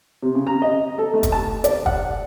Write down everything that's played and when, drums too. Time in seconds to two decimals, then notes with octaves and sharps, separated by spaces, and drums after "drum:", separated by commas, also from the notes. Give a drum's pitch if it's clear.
0.22 C3
0.35 C#3
0.47 A#5
0.62 D#5
0.98 A4
1.14 A3
1.23 drum: kick, hi-hat
1.32 A5
1.64 D5, drum: hi-hat
1.86 F#5, drum: kick